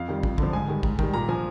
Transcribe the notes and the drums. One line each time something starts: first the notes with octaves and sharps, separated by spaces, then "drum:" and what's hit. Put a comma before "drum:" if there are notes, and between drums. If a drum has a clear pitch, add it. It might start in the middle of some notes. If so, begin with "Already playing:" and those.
Already playing: F2 F5
D#3 G3
F2, drum: kick
D3 F3, drum: kick
G#2 G#5
D#3 G3
G#2, drum: kick
D#3 G3, drum: kick
A#2 A#5
F3 G#5